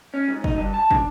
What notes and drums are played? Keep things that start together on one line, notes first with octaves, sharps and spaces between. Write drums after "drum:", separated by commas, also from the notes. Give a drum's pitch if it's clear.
C#4
G#2
D#4, drum: kick
G2
A5
D4, drum: kick